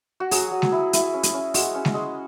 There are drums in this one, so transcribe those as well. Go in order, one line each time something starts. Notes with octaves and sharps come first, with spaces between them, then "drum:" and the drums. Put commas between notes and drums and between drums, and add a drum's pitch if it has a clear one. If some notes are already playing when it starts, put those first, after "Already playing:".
F#4
F#3 G#4, drum: open hi-hat
F#3
drum: snare G#3
E4
E4, drum: hi-hat
C#4
drum: hi-hat
C#4
G#3 F#4, drum: open hi-hat
C#4
drum: snare G#3
G#3